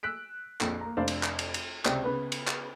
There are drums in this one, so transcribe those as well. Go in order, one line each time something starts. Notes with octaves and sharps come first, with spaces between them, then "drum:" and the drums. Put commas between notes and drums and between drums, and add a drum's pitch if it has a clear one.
E6 F#6 B6 D7
A#1 F2, drum: clap
A#3 A#5
F1 D4 C5 D5 F5
drum: cymbal
drum: clap
drum: cymbal
drum: cymbal
C#2 C3 C4 D5, drum: clap
C#3 B3 B4
drum: cymbal
drum: clap